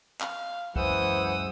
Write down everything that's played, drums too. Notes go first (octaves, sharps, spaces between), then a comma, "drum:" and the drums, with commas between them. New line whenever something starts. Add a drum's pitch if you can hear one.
F5, drum: clap
F#2 E3 G#3 C5 F#5 D#6 E6, drum: kick